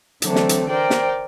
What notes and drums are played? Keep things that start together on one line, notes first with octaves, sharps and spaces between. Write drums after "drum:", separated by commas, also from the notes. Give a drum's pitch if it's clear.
D3 E3 F#3 A3 C4 D4, drum: hi-hat
drum: snare
drum: hi-hat
A#4 C5 D5 G5
drum: snare